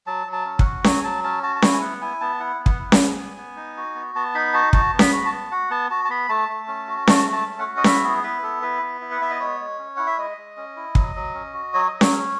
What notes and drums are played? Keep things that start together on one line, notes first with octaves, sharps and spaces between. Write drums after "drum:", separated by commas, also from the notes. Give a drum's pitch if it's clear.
F#3 A5
F#3
A5
C#4
F#5, drum: kick
F#4
F#3 G#5, drum: snare C#4
F#3 A5
C#4 A5
F#4 A5
A5
E4 G#5, drum: snare C#4
G#5
B3 F#5
E4 G#5
B3 A5
E4 F#5
B3
F#5, drum: kick
E4
G#5, drum: snare C#4
B3
B3
B3
D#4
F#4
B3
B3 A5
D#4 B5
F#4 A5
F#4 A5, drum: kick
B3
B5, drum: snare C#4
F#4
A5
B3
F#4 F#5
B3 A5
F#4 A5
A5
B3 B5
A3 A5
A3
C#4
F#4
A3 A5, drum: snare C#4
A3
A5
C#4
F#5
F#4
D#5
E4 E5, drum: snare C#4
B3 G#4
E4 B4
B3 A4
E4 B4
B3
E4
F#5
B3 E5
D#5
G#3 C#5
G#3
C#4
E4 F#5
E5
G#3 D#5
G#3
C#4
E4
F#3, drum: kick
F#3
C#4
F#4
F#3 C#5
D#5
F#3
C#5, drum: snare C#4
C#4